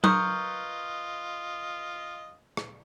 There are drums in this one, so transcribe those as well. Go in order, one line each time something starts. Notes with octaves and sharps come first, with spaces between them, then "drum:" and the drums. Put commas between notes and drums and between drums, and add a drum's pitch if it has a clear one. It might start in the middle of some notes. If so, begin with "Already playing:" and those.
F4 A#4 B4 D#5 C#6 D#6 G6, drum: tom F#3
drum: rim click